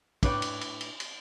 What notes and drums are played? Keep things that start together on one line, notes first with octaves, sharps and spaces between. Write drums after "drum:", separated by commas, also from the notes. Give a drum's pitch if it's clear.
A2 D4 B4 C#5 G5, drum: kick, cymbal
drum: cymbal
drum: cymbal
drum: cymbal
drum: cymbal